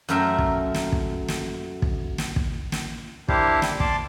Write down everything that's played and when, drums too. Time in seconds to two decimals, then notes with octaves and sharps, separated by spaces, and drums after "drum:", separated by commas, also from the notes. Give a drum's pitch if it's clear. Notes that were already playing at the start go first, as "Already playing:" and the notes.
0.09 F#2 A3 A#4 E5 G5
0.38 drum: kick
0.74 drum: snare
0.92 drum: kick
1.28 drum: snare
1.82 drum: kick
2.18 drum: snare
2.36 drum: kick
2.72 drum: snare
3.28 A#3 D4 E4 G4 C5 F5, drum: kick
3.62 drum: snare
3.80 D5 A5 C6 D6, drum: kick